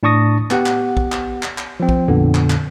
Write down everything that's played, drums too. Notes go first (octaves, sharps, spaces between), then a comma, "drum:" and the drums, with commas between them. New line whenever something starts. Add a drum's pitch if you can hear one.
A2 D4 A5 C#6 D#6 A#6
B3 G4 F#5, drum: clap
drum: clap
drum: kick
drum: clap
drum: clap
drum: clap
F3 C4
drum: kick
F2 A#2 D3 B3
drum: clap
drum: clap